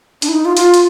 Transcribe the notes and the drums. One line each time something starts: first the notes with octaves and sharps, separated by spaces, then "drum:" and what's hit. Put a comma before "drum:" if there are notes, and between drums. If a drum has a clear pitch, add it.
D4, drum: hi-hat
E4
D#4
F4
F4, drum: hi-hat
drum: hi-hat